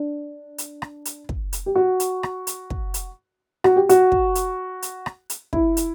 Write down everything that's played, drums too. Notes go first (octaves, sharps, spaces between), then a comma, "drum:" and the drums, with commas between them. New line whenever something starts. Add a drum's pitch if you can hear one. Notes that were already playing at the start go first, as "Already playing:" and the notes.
Already playing: D4
drum: hi-hat
drum: rim click
drum: hi-hat
drum: kick
drum: hi-hat
G4
F#4
drum: hi-hat
drum: rim click
drum: hi-hat
drum: kick
drum: hi-hat
F#4, drum: rim click
G4
F#4, drum: hi-hat
drum: kick
drum: hi-hat
drum: hi-hat
drum: rim click
drum: hi-hat
E4, drum: kick
drum: hi-hat